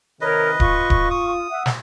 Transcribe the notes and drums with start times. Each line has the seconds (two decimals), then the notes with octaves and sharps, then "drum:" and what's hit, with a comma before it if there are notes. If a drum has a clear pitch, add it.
0.21 C3 D#3 A#4 B4 C#5 D#5
0.60 F4 C#6, drum: kick D1
0.90 drum: kick D1
1.10 D#6
1.50 E5 F#5
1.66 drum: snare